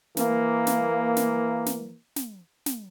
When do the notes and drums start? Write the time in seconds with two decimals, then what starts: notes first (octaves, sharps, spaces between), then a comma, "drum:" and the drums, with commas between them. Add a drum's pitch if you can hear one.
0.17 E3 A#3, drum: snare
0.67 drum: snare
1.16 drum: snare
1.66 drum: snare
2.16 drum: snare
2.66 drum: snare